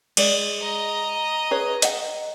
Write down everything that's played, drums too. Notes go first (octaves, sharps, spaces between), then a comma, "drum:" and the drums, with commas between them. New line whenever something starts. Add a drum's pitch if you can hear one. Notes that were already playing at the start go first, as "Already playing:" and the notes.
G#3 D5, drum: cymbal
D#5 A#5
G#4 B4 C#5
D#5 F#5, drum: hi-hat